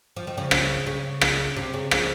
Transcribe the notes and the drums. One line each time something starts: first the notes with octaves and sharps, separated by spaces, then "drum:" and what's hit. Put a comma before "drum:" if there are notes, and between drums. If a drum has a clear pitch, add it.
F3
D#3
C#3 F3
C#3, drum: rim click
C#3
drum: rim click
C3
C#3
C#3 F3, drum: rim click